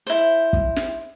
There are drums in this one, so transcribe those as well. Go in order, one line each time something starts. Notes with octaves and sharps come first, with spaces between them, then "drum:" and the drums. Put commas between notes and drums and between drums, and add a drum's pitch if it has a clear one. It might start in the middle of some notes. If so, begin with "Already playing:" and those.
E4 C5
drum: kick
drum: snare